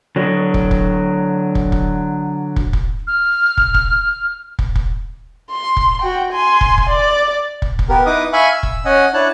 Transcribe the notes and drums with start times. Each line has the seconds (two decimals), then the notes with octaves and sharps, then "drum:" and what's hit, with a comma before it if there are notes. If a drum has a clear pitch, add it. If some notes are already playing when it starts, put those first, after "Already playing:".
0.16 D3 F#3
0.54 drum: kick
0.71 drum: kick
1.55 drum: kick
1.72 drum: kick
2.56 drum: kick
2.73 drum: kick
3.07 F6
3.57 drum: kick
3.74 drum: kick
4.59 drum: kick
4.75 drum: kick
5.51 C6
5.77 drum: kick
6.02 F#4 G5
6.32 G#5 C6
6.61 drum: kick
6.78 drum: kick
6.89 D5
7.62 drum: kick
7.79 drum: kick
7.89 B3 G4 A#4
8.06 D#4 E4 B4 D#5 D6 D#6
8.33 E5 F5 G#5 B5 C#6
8.53 E6
8.63 drum: kick
8.85 C#4 D#5 F#5 G#5
9.14 D4 E4 C#5 A5 F#6